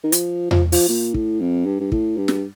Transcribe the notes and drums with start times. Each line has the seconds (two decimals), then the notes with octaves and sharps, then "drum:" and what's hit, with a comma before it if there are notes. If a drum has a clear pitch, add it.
0.04 D#3
0.12 F3, drum: hi-hat
0.51 F3, drum: tom E2
0.72 F3, drum: open hi-hat
0.89 A#2
1.14 A2, drum: kick
1.40 F2
1.66 G2
1.80 G2
1.92 A2, drum: kick
2.17 G2
2.28 drum: snare